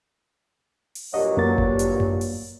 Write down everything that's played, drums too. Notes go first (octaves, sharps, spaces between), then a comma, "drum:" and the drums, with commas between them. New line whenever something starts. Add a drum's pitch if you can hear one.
drum: open hi-hat
G2 A#2 F#3 D#5
F#2 A#3 A6
drum: kick G1
drum: hi-hat
drum: tom F#2
drum: open hi-hat